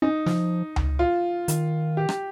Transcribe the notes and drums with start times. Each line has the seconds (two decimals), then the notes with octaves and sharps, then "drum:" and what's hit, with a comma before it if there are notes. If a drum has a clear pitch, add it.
0.02 C#4 D#4
0.26 F3, drum: snare
0.76 drum: tom C#2
0.99 F4
1.48 D#3, drum: hi-hat
1.97 G4
2.09 drum: rim click